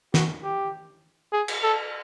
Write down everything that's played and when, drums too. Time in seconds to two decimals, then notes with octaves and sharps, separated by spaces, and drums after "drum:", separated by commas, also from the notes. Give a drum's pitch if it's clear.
0.14 F#4, drum: snare
0.43 G4
1.33 G#4
1.48 drum: cymbal
1.63 A4